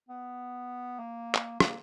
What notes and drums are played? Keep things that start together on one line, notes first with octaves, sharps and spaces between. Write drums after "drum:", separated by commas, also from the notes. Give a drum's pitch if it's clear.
B3
A#3
drum: clap
A#3, drum: rim click